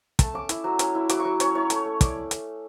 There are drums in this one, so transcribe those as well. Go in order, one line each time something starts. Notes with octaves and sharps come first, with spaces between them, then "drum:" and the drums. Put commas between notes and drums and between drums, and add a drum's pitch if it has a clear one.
A3 A5, drum: kick, hi-hat
C#4 D6
E4, drum: hi-hat
F#3
C#4, drum: hi-hat
E4
F#3 D6, drum: hi-hat
C#6
F#3
C#4 C#5, drum: hi-hat
E4 C#5
A3, drum: hi-hat
A3
C#4 D5, drum: kick, hi-hat
drum: hi-hat